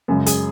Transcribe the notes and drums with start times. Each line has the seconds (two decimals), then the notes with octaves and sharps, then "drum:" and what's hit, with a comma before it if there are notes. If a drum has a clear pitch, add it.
0.08 F#2 C#3 G#3
0.26 G#4, drum: hi-hat